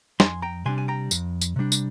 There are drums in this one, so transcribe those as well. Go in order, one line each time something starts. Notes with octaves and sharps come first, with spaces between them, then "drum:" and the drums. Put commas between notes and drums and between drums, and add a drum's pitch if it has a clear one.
F2 G#5 C6, drum: snare
G5 A#5
C3 G3 D4 G#5 C6
G#5
G5 A#5
F2, drum: tambourine
drum: tambourine
C3 G3 D4
drum: tambourine